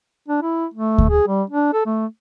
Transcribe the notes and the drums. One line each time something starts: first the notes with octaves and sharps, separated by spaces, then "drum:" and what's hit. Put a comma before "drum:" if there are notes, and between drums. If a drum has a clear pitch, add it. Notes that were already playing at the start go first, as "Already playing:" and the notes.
D4
E4
A3
drum: kick D2
G#4
G3
D4
A4
A3